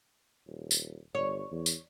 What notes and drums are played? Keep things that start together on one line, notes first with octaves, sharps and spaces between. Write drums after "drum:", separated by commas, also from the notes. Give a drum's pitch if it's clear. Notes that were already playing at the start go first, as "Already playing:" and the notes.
D#1
drum: tambourine
G1 C#5
E2
drum: tambourine